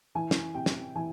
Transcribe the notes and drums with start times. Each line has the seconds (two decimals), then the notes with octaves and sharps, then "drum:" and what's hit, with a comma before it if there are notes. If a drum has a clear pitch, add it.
0.15 E3 G#5
0.31 drum: snare
0.55 C3 G5
0.66 drum: snare
0.95 E3 G#5